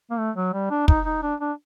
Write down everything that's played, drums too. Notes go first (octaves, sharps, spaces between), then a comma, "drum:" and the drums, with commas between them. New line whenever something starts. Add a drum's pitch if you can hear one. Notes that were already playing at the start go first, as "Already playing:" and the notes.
A#3
A3
F#3
G3
D4
D#4, drum: kick
D#4
D4
D4